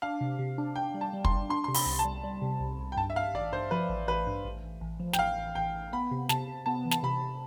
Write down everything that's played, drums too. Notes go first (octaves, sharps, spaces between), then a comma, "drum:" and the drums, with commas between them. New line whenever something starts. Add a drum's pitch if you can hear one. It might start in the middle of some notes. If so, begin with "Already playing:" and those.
D4 F5
C3
C3
D4
D4 G5
G3
A5
G3
C6, drum: kick
D4
D4 C6
C6
C3
B5, drum: open hi-hat
C2
A5
G3
G3
C3
C2
C2
G5
G2 A5
E5
G2 F5
A1 D5
G2 C5
F3 B4
A1
A1 B4
G2
A1
A1
A1
F3
G5, drum: snare
A1 F5
A1
A1 G5
A1
B3 B5
C3
C3 A5, drum: snare
C3
B3 A5
E3
A5, drum: snare
C3 B5
C3